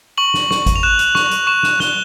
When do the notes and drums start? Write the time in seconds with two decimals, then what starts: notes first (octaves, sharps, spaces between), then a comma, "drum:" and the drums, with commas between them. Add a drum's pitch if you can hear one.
0.18 C#6 F#7
0.34 drum: snare
0.51 C#6, drum: snare
0.66 drum: kick G#1, hi-hat
0.76 F7
0.83 F#6 E7
0.99 drum: hi-hat
1.15 C#6, drum: snare
1.31 drum: hi-hat
1.47 C#6 E7
1.63 E7, drum: snare
1.80 F#6 G7, drum: snare